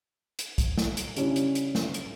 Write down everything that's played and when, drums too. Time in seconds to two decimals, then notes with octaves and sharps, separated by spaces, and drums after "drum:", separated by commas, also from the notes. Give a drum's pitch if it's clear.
0.39 drum: hi-hat
0.58 drum: kick, hi-hat
0.78 drum: snare
0.97 drum: hi-hat
1.16 C#3 G3 C#4 D4 E4, drum: hi-hat
1.36 drum: hi-hat
1.55 drum: hi-hat
1.75 drum: snare
1.94 drum: hi-hat